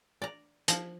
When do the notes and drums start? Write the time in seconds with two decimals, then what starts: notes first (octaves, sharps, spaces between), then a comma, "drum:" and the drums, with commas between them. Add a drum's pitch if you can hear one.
0.22 D5 A#5
0.68 F3, drum: hi-hat